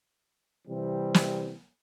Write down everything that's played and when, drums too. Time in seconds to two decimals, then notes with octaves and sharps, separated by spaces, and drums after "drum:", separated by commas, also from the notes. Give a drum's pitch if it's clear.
0.68 C3 E3 G3 C4
1.14 drum: snare